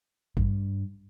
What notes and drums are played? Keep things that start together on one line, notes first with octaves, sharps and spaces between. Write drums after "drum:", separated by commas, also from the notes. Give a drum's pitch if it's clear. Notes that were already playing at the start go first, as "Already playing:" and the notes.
G2, drum: kick G#1